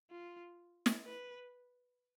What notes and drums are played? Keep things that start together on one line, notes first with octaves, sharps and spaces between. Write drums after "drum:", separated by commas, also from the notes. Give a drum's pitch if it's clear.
F4
drum: snare
B4